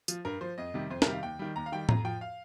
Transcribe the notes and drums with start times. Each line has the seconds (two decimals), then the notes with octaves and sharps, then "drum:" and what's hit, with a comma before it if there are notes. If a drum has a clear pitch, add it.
0.08 F3, drum: tambourine
0.25 G2 A#4
0.41 F3 C5
0.58 F2 D#5
0.74 C3 D#3 G3
0.90 F2 C5
1.02 A#4, drum: snare
1.06 C3 D#3 G3
1.13 F5
1.23 D#2 G5
1.39 D#3 G3
1.56 D#2 A#5
1.66 F5
1.72 D#3 G3 G5
1.89 F2 A#5, drum: tom A2
2.05 F3 G5
2.21 F5